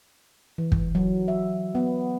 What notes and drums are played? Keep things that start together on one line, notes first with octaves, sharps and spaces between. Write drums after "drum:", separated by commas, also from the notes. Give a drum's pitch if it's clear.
E3
drum: kick
F#3
E5
B3